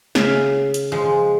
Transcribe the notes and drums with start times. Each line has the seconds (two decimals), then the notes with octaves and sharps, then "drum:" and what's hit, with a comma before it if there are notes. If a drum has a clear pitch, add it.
0.15 C#3 E5 F5, drum: snare
0.74 drum: hi-hat
0.92 F3 G#3